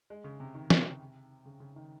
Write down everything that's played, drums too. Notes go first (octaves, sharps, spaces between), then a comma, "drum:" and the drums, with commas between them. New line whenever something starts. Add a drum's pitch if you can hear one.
G#3
C#3
C3
D#3
C#3, drum: snare
C3
C#3
C#3
D#3